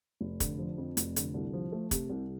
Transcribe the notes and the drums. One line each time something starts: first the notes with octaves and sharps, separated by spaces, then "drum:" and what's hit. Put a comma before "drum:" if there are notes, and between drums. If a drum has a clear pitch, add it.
F1
D3, drum: kick, hi-hat
F3
F2
F1, drum: hi-hat
D3, drum: hi-hat
C2
F3
A3
C3, drum: kick, hi-hat
C2